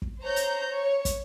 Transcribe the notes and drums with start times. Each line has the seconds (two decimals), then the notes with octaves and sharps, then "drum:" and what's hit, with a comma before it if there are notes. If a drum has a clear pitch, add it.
0.02 drum: kick
0.23 C5 C#5 A#5 G6
0.36 drum: hi-hat
0.71 C#5
1.05 drum: kick, hi-hat